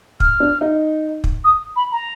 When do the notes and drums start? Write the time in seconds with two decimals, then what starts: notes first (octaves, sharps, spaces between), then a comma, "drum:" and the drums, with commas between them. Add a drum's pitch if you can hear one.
0.20 F6, drum: kick
0.40 D4
0.61 D#4
1.24 drum: kick
1.44 D#6
1.76 B5
1.92 A#5